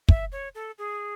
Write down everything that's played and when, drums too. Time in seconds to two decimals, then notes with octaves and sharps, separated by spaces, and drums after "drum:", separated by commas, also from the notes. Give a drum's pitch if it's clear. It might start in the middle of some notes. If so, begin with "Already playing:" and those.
0.09 E5, drum: kick
0.32 C#5
0.55 A4
0.78 G#4